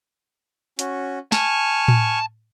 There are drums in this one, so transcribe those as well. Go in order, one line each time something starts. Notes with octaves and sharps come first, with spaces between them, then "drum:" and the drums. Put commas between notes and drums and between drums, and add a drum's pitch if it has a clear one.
C#4 F#4, drum: hi-hat
G#5 A5 C#6 F6, drum: snare
drum: tom A2